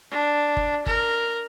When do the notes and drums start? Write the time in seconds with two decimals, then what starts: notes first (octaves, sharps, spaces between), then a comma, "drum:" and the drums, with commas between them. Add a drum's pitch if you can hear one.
0.11 D4
0.57 drum: kick G1
0.86 A#4, drum: kick G1